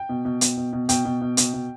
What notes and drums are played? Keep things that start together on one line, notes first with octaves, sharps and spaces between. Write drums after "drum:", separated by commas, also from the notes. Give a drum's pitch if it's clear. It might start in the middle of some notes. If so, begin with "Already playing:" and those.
Already playing: G5
B2
B2
B2, drum: hi-hat
B2
B2
B2 G5, drum: hi-hat
B2
B2
B2, drum: hi-hat
B2